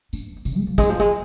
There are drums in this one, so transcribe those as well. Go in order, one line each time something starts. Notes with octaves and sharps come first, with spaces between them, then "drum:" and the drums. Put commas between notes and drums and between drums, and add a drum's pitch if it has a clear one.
D4, drum: tambourine
E3
C3, drum: tambourine
G#3
F3
G#3, drum: kick, tambourine
F3
G#3